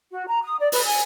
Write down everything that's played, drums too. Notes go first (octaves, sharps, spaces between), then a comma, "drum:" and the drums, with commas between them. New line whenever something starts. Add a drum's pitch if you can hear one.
F#4
A#5
D#6
D5
B4, drum: open hi-hat
G#5